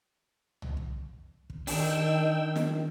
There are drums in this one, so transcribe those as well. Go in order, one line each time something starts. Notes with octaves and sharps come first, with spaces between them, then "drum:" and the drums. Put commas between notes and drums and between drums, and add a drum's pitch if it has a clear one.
drum: tom
drum: kick
drum: kick
D#3 D4 G5 E6, drum: open hi-hat
drum: snare